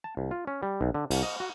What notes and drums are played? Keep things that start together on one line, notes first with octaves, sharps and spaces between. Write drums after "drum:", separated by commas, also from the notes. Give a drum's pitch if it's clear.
A5
C2
F4
C#4
G3
B1
D3
C2, drum: cymbal
D#5
F#4